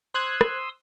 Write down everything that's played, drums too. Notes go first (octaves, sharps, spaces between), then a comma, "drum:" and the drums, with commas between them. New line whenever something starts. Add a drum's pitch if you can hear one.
C5 C6 D#6 E6 F#6 G#6
drum: rim click